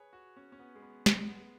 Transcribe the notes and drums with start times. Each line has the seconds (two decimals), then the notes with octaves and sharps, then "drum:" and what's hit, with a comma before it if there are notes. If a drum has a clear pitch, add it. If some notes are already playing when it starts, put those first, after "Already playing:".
Already playing: G#4 B4 C#5
0.13 F#4
0.37 C#4
0.52 C#4
0.59 B3
0.75 G#3
0.82 B3
1.06 G#3, drum: snare
1.28 B3